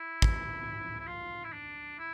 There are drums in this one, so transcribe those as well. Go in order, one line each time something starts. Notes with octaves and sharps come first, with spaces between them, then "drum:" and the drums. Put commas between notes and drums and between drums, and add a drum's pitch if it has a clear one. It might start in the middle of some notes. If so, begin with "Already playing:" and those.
Already playing: E4
drum: kick
E4
F4
E4
D4
E4